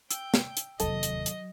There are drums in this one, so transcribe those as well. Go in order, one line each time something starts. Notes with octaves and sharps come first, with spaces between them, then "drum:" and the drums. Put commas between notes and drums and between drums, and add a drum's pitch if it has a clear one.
G5 E6, drum: hi-hat
drum: snare
drum: hi-hat
F1 D#2 F#3 A4 D#5, drum: hi-hat
drum: hi-hat
drum: hi-hat